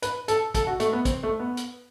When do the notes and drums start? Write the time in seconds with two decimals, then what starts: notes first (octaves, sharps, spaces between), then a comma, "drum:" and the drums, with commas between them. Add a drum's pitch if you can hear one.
0.02 B4, drum: hi-hat
0.28 A4, drum: hi-hat
0.54 A4, drum: kick, hi-hat
0.67 F#4
0.80 A3, drum: hi-hat
0.93 B3
1.05 C4, drum: kick, hi-hat
1.23 A3
1.39 B3
1.57 drum: hi-hat